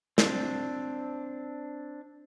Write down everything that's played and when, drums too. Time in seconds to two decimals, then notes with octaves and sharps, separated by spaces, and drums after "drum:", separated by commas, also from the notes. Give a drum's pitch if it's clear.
0.18 C4 D4, drum: snare